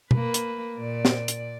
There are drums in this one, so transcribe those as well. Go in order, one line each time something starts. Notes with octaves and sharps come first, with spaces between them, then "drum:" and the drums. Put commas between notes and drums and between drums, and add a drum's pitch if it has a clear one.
A#3 B4, drum: tom B2
drum: hi-hat
A#2 D5
drum: snare
drum: hi-hat